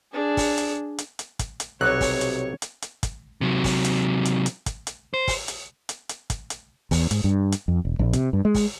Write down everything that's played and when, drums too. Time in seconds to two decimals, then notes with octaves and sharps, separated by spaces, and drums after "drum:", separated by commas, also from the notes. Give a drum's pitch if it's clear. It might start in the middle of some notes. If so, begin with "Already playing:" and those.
0.12 D4 G#4
0.37 drum: kick, open hi-hat
0.58 drum: hi-hat
0.98 drum: hi-hat
1.19 drum: hi-hat
1.39 drum: kick, hi-hat
1.60 drum: hi-hat
1.81 B1 C3 F#3 G3 C#5 F#6
2.01 drum: kick, open hi-hat
2.21 drum: hi-hat
2.62 drum: hi-hat
2.82 drum: hi-hat
3.03 drum: kick, hi-hat
3.41 C3 F#3
3.64 drum: kick, open hi-hat
3.85 drum: hi-hat
4.25 drum: hi-hat
4.46 drum: hi-hat
4.66 drum: kick, hi-hat
4.87 drum: hi-hat
5.14 C5
5.28 drum: kick, open hi-hat
5.48 drum: hi-hat
5.89 drum: hi-hat
6.09 drum: hi-hat
6.30 drum: kick, hi-hat
6.50 drum: hi-hat
6.91 E2, drum: kick, open hi-hat
7.11 G#2, drum: hi-hat
7.24 G2
7.52 drum: hi-hat
7.68 F2
7.85 E1
7.99 A#1
8.13 C3, drum: hi-hat
8.33 G2
8.45 G#3
8.55 drum: kick, open hi-hat